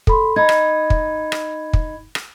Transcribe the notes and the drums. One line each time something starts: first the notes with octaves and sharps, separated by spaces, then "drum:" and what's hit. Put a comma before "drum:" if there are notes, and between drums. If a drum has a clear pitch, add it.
A4 B5 C6, drum: kick
D#4 B5 G#6
drum: rim click
drum: kick
drum: rim click
drum: kick
drum: rim click